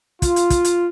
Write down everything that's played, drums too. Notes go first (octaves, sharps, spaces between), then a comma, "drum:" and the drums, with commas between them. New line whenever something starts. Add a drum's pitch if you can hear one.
F4, drum: kick, hi-hat
drum: hi-hat
drum: kick, hi-hat
drum: hi-hat